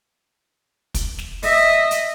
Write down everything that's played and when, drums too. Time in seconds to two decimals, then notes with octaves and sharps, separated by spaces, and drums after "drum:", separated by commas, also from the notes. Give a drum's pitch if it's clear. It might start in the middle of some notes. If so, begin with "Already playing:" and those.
0.94 drum: kick, hi-hat
1.19 drum: snare
1.43 D#5 E5, drum: open hi-hat
1.91 drum: hi-hat